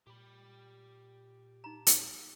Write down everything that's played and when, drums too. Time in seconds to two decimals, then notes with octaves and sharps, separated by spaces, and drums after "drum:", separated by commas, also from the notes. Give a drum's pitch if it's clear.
0.07 A#2 G4 B5
1.64 D#4 A#5
1.87 drum: hi-hat